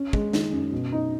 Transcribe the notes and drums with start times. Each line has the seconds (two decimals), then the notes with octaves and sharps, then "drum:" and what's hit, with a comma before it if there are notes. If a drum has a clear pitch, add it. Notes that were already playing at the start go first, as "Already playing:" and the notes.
Already playing: C#4
0.13 G#3, drum: kick
0.33 D#3, drum: snare
0.52 F#2
0.72 B2
0.92 D#4